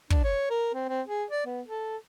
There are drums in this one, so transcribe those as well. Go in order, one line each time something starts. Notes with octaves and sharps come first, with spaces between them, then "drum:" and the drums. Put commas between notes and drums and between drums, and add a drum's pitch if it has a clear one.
D4, drum: kick
C#5
A#4
C4
C4
G#4
D5
B3
A4